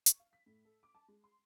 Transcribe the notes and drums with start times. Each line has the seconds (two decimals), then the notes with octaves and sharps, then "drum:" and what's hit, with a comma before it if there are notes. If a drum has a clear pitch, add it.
0.06 C#6, drum: hi-hat
0.20 F5
0.33 B6
0.46 A2
0.65 A4
0.83 D6
0.95 A5
1.08 G#3
1.24 C6